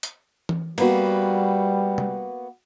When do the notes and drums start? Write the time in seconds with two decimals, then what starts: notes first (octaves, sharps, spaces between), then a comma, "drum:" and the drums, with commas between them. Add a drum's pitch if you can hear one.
0.03 drum: hi-hat
0.49 drum: tom E3
0.78 G3 A#3 B3 F#4, drum: cymbal
1.98 drum: tom C3